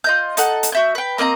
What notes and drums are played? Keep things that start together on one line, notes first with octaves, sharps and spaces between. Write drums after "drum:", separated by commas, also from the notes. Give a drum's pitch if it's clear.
F4 D#5 G6
D#4 A4 F#5, drum: hi-hat
drum: hi-hat
F#4 E5 G6
B4 G5
A#3 C4 D#5 A#5